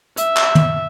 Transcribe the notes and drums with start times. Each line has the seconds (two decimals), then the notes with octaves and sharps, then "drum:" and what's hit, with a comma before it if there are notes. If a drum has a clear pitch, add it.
0.17 E5, drum: hi-hat
0.36 drum: clap
0.55 drum: tom